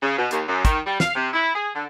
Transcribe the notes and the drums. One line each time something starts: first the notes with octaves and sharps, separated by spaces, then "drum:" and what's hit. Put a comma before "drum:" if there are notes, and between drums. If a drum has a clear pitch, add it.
C#3
B2
D#2, drum: hi-hat
F#2
D#3, drum: kick, hi-hat
G3
F5, drum: snare
C3
E4
G#4
D3